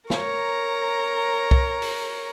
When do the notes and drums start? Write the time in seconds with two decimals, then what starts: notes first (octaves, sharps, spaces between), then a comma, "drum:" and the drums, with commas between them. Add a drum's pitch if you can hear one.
0.10 A#4 C#5 A#5, drum: snare
1.51 drum: kick
1.82 drum: open hi-hat